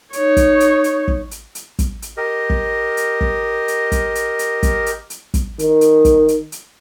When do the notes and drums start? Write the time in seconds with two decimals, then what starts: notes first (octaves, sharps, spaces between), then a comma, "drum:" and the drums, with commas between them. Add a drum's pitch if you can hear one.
0.13 D#4 C#5, drum: hi-hat
0.37 drum: kick, hi-hat
0.60 drum: hi-hat
0.84 drum: hi-hat
1.08 drum: kick
1.31 drum: hi-hat
1.55 drum: hi-hat
1.79 drum: kick, hi-hat
2.02 drum: hi-hat
2.17 G4 A#4 D#5
2.50 drum: kick
2.97 drum: hi-hat
3.21 drum: kick
3.68 drum: hi-hat
3.92 drum: kick, hi-hat
4.15 drum: hi-hat
4.39 drum: hi-hat
4.63 drum: kick, hi-hat
4.86 drum: hi-hat
5.10 drum: hi-hat
5.34 drum: kick, hi-hat
5.59 D#3, drum: hi-hat
5.81 drum: hi-hat
6.05 drum: kick, hi-hat
6.28 drum: hi-hat
6.52 drum: hi-hat